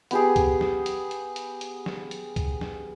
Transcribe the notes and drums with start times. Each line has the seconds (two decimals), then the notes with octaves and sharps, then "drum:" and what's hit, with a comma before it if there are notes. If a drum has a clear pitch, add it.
0.11 B3 G4 G#4, drum: hi-hat
0.36 drum: kick C#2, hi-hat
0.61 drum: snare
0.86 drum: hi-hat
1.11 drum: hi-hat
1.36 drum: hi-hat
1.61 drum: hi-hat
1.86 drum: snare
2.11 drum: hi-hat
2.36 drum: kick C#2, hi-hat
2.61 drum: snare